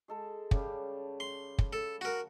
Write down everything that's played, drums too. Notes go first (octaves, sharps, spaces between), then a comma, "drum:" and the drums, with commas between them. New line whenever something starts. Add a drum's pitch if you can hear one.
G#3 A4 A5
C#3 G3 D6, drum: kick
C6
drum: kick
A4
F#4 A#4 F#5